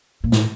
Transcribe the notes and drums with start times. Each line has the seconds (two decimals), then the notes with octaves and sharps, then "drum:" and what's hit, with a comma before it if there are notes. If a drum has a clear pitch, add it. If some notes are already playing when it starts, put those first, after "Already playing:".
0.24 A#2
0.32 A2, drum: snare